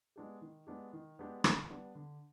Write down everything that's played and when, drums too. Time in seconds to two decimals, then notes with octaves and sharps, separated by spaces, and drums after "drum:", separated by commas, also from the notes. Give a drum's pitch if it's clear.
0.16 G#3 B3 D4 G4
0.41 D#3
0.67 G#3 B3 D4 G4
0.93 D#3
1.19 G#3 B3 D4 G4
1.44 D3, drum: rim click
1.69 G3 B3 D4
1.95 D3